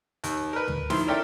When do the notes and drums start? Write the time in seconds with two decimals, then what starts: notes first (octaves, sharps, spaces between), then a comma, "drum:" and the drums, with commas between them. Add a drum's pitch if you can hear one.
0.24 D#2, drum: hi-hat
0.53 A#4 B4
0.68 drum: tom
0.90 D#3 F3 E4 C6, drum: snare
1.08 C#4 A4 A#4 D5 E5 G5